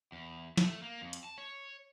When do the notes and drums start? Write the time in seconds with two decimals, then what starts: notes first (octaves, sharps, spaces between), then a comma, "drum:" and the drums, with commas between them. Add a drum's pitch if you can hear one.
0.12 E2
0.57 A3, drum: snare
0.82 A#3
1.01 F2
1.13 drum: hi-hat
1.24 A5
1.38 C#5